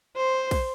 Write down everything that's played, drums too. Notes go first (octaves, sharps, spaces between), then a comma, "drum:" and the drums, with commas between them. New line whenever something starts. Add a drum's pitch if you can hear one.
C5
drum: kick, cymbal